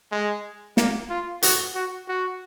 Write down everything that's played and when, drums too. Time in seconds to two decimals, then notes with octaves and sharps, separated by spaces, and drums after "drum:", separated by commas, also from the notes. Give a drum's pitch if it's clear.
0.11 G#3
0.77 A#3, drum: snare
1.10 F4
1.42 F#4, drum: hi-hat
1.75 F#4
2.08 F#4